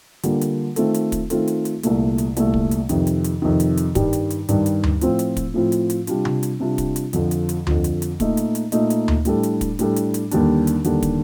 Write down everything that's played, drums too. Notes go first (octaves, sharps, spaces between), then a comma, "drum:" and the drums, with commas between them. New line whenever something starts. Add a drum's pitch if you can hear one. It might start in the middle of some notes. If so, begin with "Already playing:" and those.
D3 G3 A#3 F4 A4, drum: hi-hat
drum: hi-hat
D#3 A3 C4 F4 A4, drum: hi-hat
drum: hi-hat
drum: kick, hi-hat
D#3 A3 C4 F4 A4, drum: hi-hat
drum: hi-hat
drum: hi-hat
C2 A#2 A3, drum: hi-hat
drum: hi-hat
C2 A#2 A3, drum: hi-hat
drum: kick
drum: hi-hat
F2 C3 D#3, drum: hi-hat
drum: hi-hat
drum: hi-hat
F2 C3 D#3
drum: hi-hat
drum: hi-hat
G2 D#3 G3, drum: kick, hi-hat
drum: hi-hat
drum: hi-hat
G2 D#3 G3, drum: hi-hat
drum: hi-hat
drum: tom D2
A2 F3 C4 F4, drum: hi-hat
drum: hi-hat
drum: kick, hi-hat
A2 F3 C4 F4
drum: hi-hat
drum: hi-hat
C3 G3 D4 F4, drum: hi-hat
drum: tom C3
drum: hi-hat
C3 G3 D4 F4
drum: kick, hi-hat
drum: hi-hat
F2 D3 F3, drum: hi-hat
drum: hi-hat
drum: hi-hat
F2 D3 F3, drum: tom D2
drum: hi-hat
drum: hi-hat
A#2 A3 D#4, drum: kick, hi-hat
drum: hi-hat
drum: hi-hat
A#2 A3 D#4, drum: hi-hat
drum: hi-hat
drum: tom D2
A2 G3 D4 A4, drum: hi-hat
drum: hi-hat
drum: kick, hi-hat
A2 G3 D4 A4, drum: hi-hat
drum: hi-hat
drum: hi-hat
D#2 D3 G3 D4, drum: hi-hat
drum: hi-hat
D#2 D3 G3 D4, drum: hi-hat
drum: kick, hi-hat